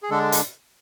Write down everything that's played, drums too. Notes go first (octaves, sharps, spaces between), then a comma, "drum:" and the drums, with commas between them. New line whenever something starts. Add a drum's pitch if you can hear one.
G#4
D3 G#3 D4 A4
drum: hi-hat